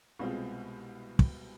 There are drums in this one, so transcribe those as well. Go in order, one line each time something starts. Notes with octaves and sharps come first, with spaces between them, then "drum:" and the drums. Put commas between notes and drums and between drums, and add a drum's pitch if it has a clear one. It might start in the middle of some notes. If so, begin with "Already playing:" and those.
C2 B2 G#3 C4 F4
drum: kick